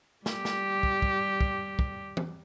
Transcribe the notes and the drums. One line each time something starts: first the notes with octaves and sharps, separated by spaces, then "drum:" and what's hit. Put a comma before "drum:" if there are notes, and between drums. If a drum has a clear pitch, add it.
G3 G4, drum: snare
drum: snare
drum: kick
drum: kick
drum: kick
drum: kick
drum: tom E3